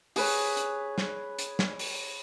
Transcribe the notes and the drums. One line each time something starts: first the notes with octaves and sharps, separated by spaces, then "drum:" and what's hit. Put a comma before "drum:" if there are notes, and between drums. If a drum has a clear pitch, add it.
G#4 B4 C#5, drum: open hi-hat
drum: hi-hat
drum: snare
drum: hi-hat
drum: snare
drum: open hi-hat